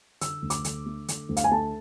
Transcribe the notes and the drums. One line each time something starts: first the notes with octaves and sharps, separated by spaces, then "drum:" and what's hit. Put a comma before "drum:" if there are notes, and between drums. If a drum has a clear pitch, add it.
D3 E6, drum: hi-hat
D2
D6, drum: hi-hat
D3, drum: hi-hat
A3
D3, drum: hi-hat
D2
F5, drum: hi-hat
G#5
A3 A5